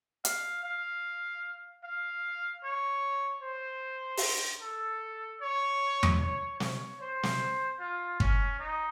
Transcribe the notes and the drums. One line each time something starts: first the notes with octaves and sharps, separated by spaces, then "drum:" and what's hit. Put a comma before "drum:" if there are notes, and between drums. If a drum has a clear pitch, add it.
F5, drum: hi-hat
F5
F5
C#5
C5
drum: open hi-hat
A4
C#5
drum: tom E2
C#5
C#5, drum: snare
C5
drum: snare
F4
C#4, drum: kick
D#4